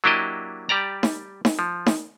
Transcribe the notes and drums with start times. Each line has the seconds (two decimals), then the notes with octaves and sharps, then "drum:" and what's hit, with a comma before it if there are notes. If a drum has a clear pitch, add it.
0.04 F#3 A#3 D4 E4 G4 D#5
0.69 G3 G4 D5 A#5
1.03 drum: snare D#4
1.45 drum: snare D#4
1.59 F3
1.86 drum: snare D#4